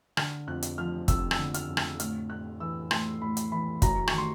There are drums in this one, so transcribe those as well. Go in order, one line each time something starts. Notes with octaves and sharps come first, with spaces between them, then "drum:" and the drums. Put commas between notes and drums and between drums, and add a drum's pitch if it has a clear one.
D3 F6, drum: rim click
F2 F#6
drum: hi-hat
F3 F6
F2 E6, drum: kick, hi-hat
E6, drum: rim click
D3
F6, drum: hi-hat
F2
F6, drum: rim click
A2 F6, drum: hi-hat
A2 F#6
E3 E6
A2 C6, drum: rim click
A2 B5
drum: hi-hat
E3 B5
F#2 A#5, drum: kick, hi-hat
C#6, drum: rim click
D#3 C6